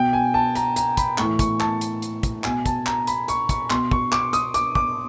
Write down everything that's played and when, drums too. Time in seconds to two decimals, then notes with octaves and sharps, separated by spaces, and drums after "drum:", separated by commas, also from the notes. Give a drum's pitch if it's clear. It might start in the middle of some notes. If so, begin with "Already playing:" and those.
Already playing: B2 G5
0.13 G#5
0.34 A5
0.55 A#5, drum: hi-hat
0.76 A#5, drum: hi-hat
0.97 B5, drum: kick, hi-hat
1.18 A2 E3 C#6, drum: clap
1.39 C#6, drum: kick, hi-hat
1.60 A5, drum: clap
1.81 drum: hi-hat
2.02 drum: hi-hat
2.23 drum: kick, hi-hat
2.44 B2 G#5, drum: clap
2.66 A5, drum: kick, hi-hat
2.86 A#5, drum: clap
3.07 B5, drum: hi-hat
3.28 C#6, drum: hi-hat
3.49 C#6, drum: kick, hi-hat
3.70 B2 C6, drum: clap
3.91 C#6, drum: kick
4.12 D6, drum: clap
4.33 D#6, drum: hi-hat
4.54 D6, drum: hi-hat
4.75 D6, drum: kick